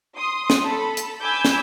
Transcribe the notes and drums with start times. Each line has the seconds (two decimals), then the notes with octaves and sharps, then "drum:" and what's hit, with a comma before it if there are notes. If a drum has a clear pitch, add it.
0.16 C6 D#6
0.50 drum: snare
0.64 A4 B5
0.97 drum: hi-hat
1.21 G#5 B5 D6 E6 G6
1.45 drum: snare